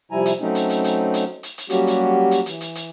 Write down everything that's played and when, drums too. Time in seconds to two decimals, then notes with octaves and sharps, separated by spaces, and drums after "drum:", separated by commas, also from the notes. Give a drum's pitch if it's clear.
0.11 C3 F3 G3 E4 G#5 A#5
0.26 drum: hi-hat
0.40 F#3 A3 C4 C#4 D#4
0.55 drum: hi-hat
0.70 drum: hi-hat
0.84 drum: hi-hat
1.14 drum: hi-hat
1.43 drum: hi-hat
1.58 drum: hi-hat
1.70 F#3 G3 A#3 C#4 F#4 G4, drum: hi-hat
1.87 drum: hi-hat
2.31 drum: hi-hat
2.46 E3, drum: hi-hat
2.61 drum: hi-hat
2.75 drum: hi-hat